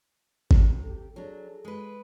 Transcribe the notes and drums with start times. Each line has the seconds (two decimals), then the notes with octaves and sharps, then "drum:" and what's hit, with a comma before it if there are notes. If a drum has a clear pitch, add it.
0.51 C3 F#4 A4, drum: kick G#1
0.83 G4 A4
1.16 F#3 D4 G#4 A4
1.65 G#3 B4